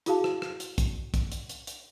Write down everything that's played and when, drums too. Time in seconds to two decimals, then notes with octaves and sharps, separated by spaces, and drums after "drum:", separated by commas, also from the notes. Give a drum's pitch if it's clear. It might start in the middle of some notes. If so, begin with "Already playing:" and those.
0.06 E4 F#4 G#4 F5 A5, drum: hi-hat
0.24 drum: rim click
0.42 drum: rim click
0.60 drum: hi-hat
0.78 drum: kick, hi-hat
1.14 drum: kick, hi-hat
1.32 drum: hi-hat
1.49 drum: hi-hat
1.67 drum: hi-hat